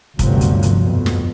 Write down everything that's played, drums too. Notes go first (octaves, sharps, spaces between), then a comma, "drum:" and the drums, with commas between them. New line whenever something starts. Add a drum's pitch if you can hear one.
G1 D2 G2 C3 F3 F#3, drum: kick, hi-hat
drum: hi-hat
drum: hi-hat
F2 B2
drum: snare